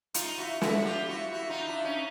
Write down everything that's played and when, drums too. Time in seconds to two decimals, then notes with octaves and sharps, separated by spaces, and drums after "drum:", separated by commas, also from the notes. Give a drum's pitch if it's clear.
0.14 D#4 F4, drum: hi-hat
0.38 E4 F#4
0.61 E4 F#4, drum: snare
0.85 F4 G4
1.08 E4 F#4
1.32 E4 F#4
1.50 D#4 F4
1.67 D4 E4
1.85 C#4 D#4